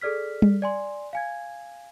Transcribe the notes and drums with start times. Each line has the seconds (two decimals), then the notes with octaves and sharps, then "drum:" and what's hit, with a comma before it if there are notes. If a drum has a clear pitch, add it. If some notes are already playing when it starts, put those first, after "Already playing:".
0.01 G#4 A4 D5 F6 B6
0.42 drum: tom G3
0.62 D5 G#5 C6
1.13 F5 G#5 G#6